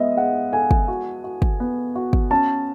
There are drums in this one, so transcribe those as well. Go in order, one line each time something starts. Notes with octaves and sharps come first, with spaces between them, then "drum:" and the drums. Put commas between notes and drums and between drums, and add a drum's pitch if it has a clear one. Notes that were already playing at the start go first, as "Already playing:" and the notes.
Already playing: G#3 B3 D#5 E5
G#3 F#5
A4 G#5
drum: kick
F#4
F#4
drum: kick
B3
F#4
drum: kick
C#4 A5